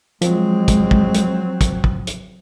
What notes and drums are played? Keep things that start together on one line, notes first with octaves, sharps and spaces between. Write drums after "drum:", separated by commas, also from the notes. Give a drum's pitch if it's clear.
F3 F#3 G#3 C4, drum: hi-hat
drum: kick, hi-hat
drum: kick
drum: hi-hat
drum: kick, hi-hat
drum: kick
drum: hi-hat